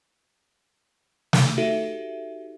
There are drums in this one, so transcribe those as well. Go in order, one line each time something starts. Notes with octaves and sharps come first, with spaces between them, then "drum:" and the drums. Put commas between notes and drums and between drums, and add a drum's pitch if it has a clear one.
drum: snare
D#4 F#4 G4 A4 E5